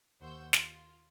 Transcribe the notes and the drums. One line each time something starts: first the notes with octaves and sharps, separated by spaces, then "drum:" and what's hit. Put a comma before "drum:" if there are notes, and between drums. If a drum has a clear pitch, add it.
D#2 C5 F#5 C#6 E6 G6
F4, drum: snare